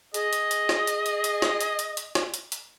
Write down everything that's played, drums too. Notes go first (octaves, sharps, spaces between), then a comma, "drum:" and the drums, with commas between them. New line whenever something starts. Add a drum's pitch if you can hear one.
G#4 D#5, drum: hi-hat
drum: hi-hat
drum: hi-hat
drum: snare
drum: hi-hat
drum: hi-hat
drum: hi-hat
drum: snare
drum: hi-hat
drum: hi-hat
drum: hi-hat
drum: snare
drum: hi-hat
drum: hi-hat